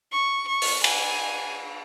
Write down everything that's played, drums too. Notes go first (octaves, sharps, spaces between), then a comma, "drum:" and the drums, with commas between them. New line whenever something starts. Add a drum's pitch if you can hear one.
C#6
C#6
drum: open hi-hat
G#5, drum: cymbal